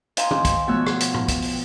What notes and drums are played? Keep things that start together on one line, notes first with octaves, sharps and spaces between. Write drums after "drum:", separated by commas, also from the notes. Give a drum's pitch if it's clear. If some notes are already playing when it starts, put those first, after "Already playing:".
C5 D#5 F5 G#5 A#5 C6, drum: hi-hat
drum: tom
drum: kick, hi-hat
B2 F3 A3 C#5 E6 F#6
drum: rim click
drum: hi-hat
drum: tom A2
drum: kick, hi-hat
drum: open hi-hat